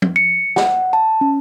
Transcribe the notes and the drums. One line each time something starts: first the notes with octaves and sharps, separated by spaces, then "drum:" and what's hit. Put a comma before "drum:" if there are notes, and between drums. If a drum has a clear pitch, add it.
drum: tom
C#7
F#5, drum: snare
A5
C#4